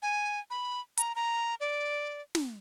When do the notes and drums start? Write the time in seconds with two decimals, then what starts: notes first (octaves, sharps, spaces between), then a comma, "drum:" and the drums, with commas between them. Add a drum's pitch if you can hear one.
0.02 G#5
0.50 B5
0.97 A#5, drum: hi-hat
1.16 A#5
1.60 D5
2.35 drum: snare